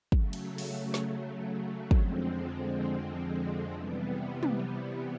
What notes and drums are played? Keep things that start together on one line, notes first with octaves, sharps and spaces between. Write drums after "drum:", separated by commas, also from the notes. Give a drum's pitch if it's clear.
C#3 F#3 A3, drum: kick
drum: cymbal
drum: open hi-hat
drum: snare
F2 D3 F3 G#3 C4, drum: kick
C3 E3 G3 B3
drum: tom